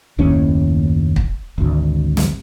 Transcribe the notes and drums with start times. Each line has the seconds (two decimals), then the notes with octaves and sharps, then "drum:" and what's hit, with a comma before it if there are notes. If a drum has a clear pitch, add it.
0.18 F#1 D#2 A2 C#4
1.16 drum: kick
1.58 G#1 D2
2.17 drum: snare